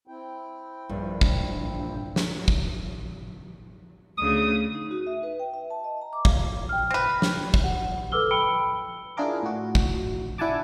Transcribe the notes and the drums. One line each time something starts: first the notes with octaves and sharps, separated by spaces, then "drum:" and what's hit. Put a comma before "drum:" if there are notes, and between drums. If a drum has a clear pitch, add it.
C4 E4 G5
A#1 G2
drum: kick
drum: snare
drum: kick
D2 C#3 D#6
D#4
F#4
E5
B4
G5
E5
A5
D#5
A#5
D6
F5, drum: kick
G5 F6
C4 B4
drum: snare
drum: kick
G4 F#5
A4 B4 D6 E6 F6 G7
G5 B5 E6 C#7 D7 G7
D4 E4 F4 G#4 A#4 D6
A2 F#4
drum: kick
D4 E4 F#5 G#5 A5 D6